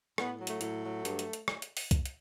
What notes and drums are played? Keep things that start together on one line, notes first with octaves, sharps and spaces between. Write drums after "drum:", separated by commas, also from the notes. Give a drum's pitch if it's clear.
A2 B3, drum: rim click
F#3
A3, drum: hi-hat
A2 A3, drum: hi-hat
F#3
G2, drum: hi-hat
drum: hi-hat
drum: hi-hat
drum: rim click
drum: hi-hat
drum: open hi-hat
drum: kick C2, hi-hat
drum: hi-hat